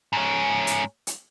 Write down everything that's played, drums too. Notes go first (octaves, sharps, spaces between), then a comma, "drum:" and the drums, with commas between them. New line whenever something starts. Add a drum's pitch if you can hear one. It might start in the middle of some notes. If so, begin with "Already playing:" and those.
G#2 C#4
drum: hi-hat
drum: hi-hat